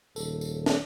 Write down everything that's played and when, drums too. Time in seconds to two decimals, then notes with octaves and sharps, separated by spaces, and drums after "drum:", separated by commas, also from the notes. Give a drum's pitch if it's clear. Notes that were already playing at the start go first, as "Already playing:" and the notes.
0.16 D#1 A4, drum: tambourine
0.41 drum: tambourine
0.66 drum: snare